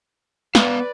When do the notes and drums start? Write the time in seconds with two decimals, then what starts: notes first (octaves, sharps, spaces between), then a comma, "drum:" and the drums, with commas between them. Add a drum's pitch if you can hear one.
0.55 B3 B4 D5 F5, drum: snare